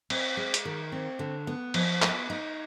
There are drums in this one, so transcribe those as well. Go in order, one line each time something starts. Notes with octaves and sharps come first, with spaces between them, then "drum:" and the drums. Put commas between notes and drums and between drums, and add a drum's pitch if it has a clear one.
C4, drum: cymbal
G#3
drum: hi-hat
D#3
C4
D3
B3
F3, drum: cymbal
B3, drum: clap
D#4